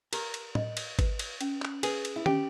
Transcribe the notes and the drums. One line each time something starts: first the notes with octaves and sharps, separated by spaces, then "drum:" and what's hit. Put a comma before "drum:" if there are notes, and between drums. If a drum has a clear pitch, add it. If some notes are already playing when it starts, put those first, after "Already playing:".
G4 A#4, drum: cymbal
drum: cymbal
D#5, drum: tom A2
drum: cymbal
B4, drum: kick G#1, cymbal
drum: cymbal
C#4, drum: cymbal
drum: clap
G#4 B4, drum: cymbal
drum: cymbal
E4
C#4 G4, drum: tom